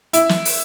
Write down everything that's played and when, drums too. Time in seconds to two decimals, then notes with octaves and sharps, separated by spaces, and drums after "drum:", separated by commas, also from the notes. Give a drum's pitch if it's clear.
0.13 E4, drum: hi-hat
0.29 drum: snare
0.45 drum: open hi-hat